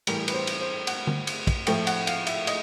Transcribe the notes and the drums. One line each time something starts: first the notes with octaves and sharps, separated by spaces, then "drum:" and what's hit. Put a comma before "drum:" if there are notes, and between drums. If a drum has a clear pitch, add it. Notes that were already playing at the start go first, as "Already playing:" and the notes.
A2 E3 G3 A#4, drum: cymbal
B4, drum: cymbal
C5
drum: cymbal
C5
F#5, drum: cymbal
drum: tom D3
drum: cymbal
drum: kick, cymbal
A2 F3 A3 G5, drum: cymbal
F#5, drum: cymbal
F5, drum: cymbal
E5, drum: cymbal
D#5, drum: cymbal